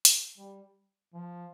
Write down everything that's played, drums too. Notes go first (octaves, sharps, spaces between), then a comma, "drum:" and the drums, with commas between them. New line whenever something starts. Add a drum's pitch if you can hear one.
drum: hi-hat
G3
F3